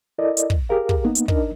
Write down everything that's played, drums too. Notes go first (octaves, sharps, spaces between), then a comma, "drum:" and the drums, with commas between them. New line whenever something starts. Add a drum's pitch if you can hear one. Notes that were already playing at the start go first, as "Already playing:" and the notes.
E4 A4 A#4 D5 D#5
drum: hi-hat
drum: kick
G4 G#4 A#4 F5
drum: kick
A#3 B3 D#4
drum: hi-hat
D4 D#4 A#4 D#5, drum: kick